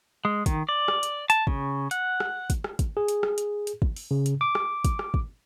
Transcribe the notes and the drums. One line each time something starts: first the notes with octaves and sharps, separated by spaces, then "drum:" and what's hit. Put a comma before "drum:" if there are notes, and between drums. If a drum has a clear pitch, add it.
G#3
D#3, drum: kick, hi-hat
D5
drum: rim click
drum: hi-hat
A5, drum: hi-hat
C#3, drum: kick
F#5, drum: hi-hat
drum: rim click
drum: kick, hi-hat
drum: rim click
drum: kick, hi-hat
G#4
drum: hi-hat
drum: rim click
drum: hi-hat
drum: hi-hat
drum: kick
drum: open hi-hat
C#3
drum: hi-hat
D6
drum: rim click
drum: kick, hi-hat
drum: rim click
drum: kick